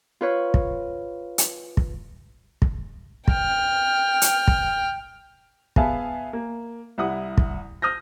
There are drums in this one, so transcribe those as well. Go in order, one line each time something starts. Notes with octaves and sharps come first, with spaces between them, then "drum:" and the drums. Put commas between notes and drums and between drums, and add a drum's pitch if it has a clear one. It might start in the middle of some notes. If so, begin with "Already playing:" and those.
F4 B4 C#5
drum: kick
drum: hi-hat
drum: kick
drum: kick
G5 F6, drum: kick
drum: hi-hat
drum: kick
B3 G#4 E5 F5 G#5 A5, drum: kick
A#3
C2 E4 F#5 D#6
drum: kick
D#6 F6 G6 A#6